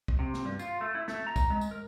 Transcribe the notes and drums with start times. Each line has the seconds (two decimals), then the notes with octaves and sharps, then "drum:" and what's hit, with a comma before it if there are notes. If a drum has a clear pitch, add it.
0.08 drum: kick
0.19 C3
0.34 drum: snare
0.45 G2
0.59 F4, drum: tambourine
0.81 A3
0.95 E4
1.08 A3, drum: snare
1.27 A#5
1.36 drum: kick, tambourine
1.50 G#3
1.61 drum: tambourine
1.71 A#4